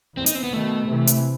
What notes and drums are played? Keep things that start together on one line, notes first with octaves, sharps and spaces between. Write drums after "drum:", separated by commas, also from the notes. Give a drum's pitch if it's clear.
E2 C4
D#4, drum: hi-hat
C4
B3
B2 D#3 A3
C3 E3
drum: hi-hat